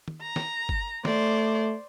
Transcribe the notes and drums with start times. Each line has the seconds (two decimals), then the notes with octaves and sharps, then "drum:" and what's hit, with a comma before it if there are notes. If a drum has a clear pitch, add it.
0.08 drum: tom
0.21 A#5
0.36 drum: snare
0.69 drum: kick G1
1.05 A3 C5 D5, drum: snare